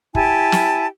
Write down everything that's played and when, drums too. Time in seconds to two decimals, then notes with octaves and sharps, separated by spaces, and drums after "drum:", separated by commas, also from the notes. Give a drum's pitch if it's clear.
0.15 E4 G4 G#5 A5, drum: kick
0.52 drum: snare